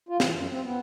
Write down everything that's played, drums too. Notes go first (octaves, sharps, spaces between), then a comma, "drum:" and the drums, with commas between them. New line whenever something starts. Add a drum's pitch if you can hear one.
F4
E3, drum: snare
F#2
C4
B3